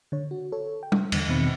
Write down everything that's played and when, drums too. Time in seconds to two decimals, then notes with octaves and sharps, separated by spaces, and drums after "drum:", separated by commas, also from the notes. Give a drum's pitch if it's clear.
0.12 D3 C#5
0.31 F#4
0.52 A4 C#5
0.83 G5
0.92 drum: tom G3
1.12 E2 D3, drum: cymbal
1.28 E2 B2 D#3 C4 B5 C#7